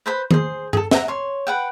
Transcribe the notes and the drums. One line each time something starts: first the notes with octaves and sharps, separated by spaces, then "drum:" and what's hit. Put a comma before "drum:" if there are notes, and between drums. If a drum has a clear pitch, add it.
B4 C5 B5
G#4 C5, drum: tom D#3
G#4 A4, drum: tom G2
E5 F#5 G5 A#5, drum: snare
C#5 C6
B4 F#5 G5